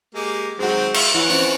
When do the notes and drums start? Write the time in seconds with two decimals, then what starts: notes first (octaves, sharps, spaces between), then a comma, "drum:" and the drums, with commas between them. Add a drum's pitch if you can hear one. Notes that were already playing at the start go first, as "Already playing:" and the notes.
0.15 G#3 A#3 G4
0.59 D#3 F#3 G#3 C4 F#4
0.94 E4 F4 E5, drum: cymbal
1.14 E3 C#5 F#5
1.30 E3 C4 C#4, drum: open hi-hat